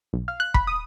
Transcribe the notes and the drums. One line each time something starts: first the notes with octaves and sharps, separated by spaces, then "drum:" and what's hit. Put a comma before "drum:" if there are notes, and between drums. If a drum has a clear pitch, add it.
B1
F5
F#6
B5, drum: kick
D#6